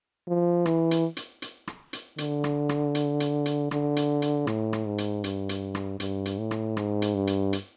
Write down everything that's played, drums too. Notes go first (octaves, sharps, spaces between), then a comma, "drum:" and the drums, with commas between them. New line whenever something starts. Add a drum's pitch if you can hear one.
F3
E3, drum: rim click
drum: hi-hat
drum: hi-hat
drum: hi-hat
drum: rim click
drum: hi-hat
D3, drum: hi-hat
drum: rim click
drum: rim click
drum: hi-hat
drum: hi-hat
drum: hi-hat
D3, drum: rim click
drum: hi-hat
drum: hi-hat
A2, drum: rim click
drum: rim click
G#2
drum: hi-hat
G2, drum: hi-hat
drum: hi-hat
drum: rim click
G2, drum: hi-hat
drum: hi-hat
A2
drum: rim click
G#2, drum: rim click
drum: hi-hat
G2
drum: hi-hat
drum: hi-hat